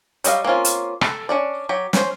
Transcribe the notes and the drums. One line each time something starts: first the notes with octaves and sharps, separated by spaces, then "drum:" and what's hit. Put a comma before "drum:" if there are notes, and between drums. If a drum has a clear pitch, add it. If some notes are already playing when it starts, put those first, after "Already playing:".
F#3 G3 D#5 F5, drum: hi-hat
A#3 C4 C#4 F4
drum: hi-hat
A4, drum: rim click
C#4 D4 D5
F#3 G4
C#4 C5, drum: snare